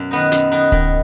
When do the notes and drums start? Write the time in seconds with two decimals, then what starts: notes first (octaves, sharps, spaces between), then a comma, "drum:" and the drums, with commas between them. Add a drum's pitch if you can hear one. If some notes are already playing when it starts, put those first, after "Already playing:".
Already playing: F#2 B2
0.11 D#3 B3 D#4
0.32 F#2, drum: snare
0.51 D#3 B3 D#4
0.72 D#3, drum: kick D1